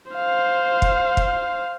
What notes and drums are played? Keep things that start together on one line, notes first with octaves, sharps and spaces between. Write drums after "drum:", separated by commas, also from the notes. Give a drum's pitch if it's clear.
C5 F5
drum: kick
drum: kick